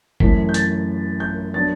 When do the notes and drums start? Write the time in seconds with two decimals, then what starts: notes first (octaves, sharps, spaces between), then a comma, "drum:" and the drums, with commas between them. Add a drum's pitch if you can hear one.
0.20 F#2 E3 A3 C4 B6, drum: kick G1
0.49 G6
0.54 A6, drum: hi-hat
1.20 G6
1.54 F#3 B3 D4 A6